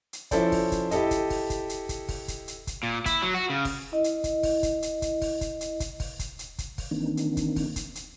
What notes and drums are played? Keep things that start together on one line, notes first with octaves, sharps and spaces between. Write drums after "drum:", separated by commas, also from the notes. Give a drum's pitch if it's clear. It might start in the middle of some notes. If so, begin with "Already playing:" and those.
drum: hi-hat
F3 C#4 E4 A4 C5 D5, drum: kick, hi-hat
drum: kick, open hi-hat
drum: kick, hi-hat
E4 G4 A4 D#5, drum: hi-hat
drum: kick, hi-hat
drum: kick, open hi-hat
drum: kick, hi-hat
drum: hi-hat
drum: kick, hi-hat
drum: kick, open hi-hat
drum: kick, hi-hat
drum: hi-hat
drum: kick, hi-hat
A#2
E4, drum: kick, hi-hat
F#3
F#4
C#3
drum: kick, open hi-hat
E4 D#5
drum: hi-hat
drum: kick, hi-hat
drum: kick, open hi-hat
drum: kick, hi-hat
drum: hi-hat
drum: kick, hi-hat
drum: kick, open hi-hat
drum: kick, hi-hat
drum: hi-hat
drum: kick, hi-hat
drum: kick, open hi-hat
drum: kick, hi-hat
drum: hi-hat
drum: kick, hi-hat
drum: kick, open hi-hat
D#3 E3 A#3 C4 D4 D#4
drum: hi-hat
drum: kick, hi-hat
drum: kick, open hi-hat
drum: kick, hi-hat
drum: hi-hat